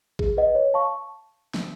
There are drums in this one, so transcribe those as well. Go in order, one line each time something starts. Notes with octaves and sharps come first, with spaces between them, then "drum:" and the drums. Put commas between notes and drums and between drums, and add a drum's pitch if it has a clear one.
G#4, drum: kick A1
B4 D#5 F#5
C#5
F5 A5 C#6
drum: snare